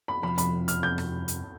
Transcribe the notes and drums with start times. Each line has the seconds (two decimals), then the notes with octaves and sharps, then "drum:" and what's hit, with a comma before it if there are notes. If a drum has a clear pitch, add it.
0.08 B5
0.23 F2 C3 F3 B5
0.38 B5, drum: hi-hat
0.68 F6, drum: hi-hat
0.83 G6
0.98 drum: rim click
1.28 drum: hi-hat